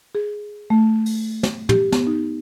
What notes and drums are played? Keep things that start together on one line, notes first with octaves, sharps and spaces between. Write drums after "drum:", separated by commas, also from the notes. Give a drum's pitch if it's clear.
G#4
A3
drum: open hi-hat
drum: snare
G4, drum: tom
B3, drum: snare
D#4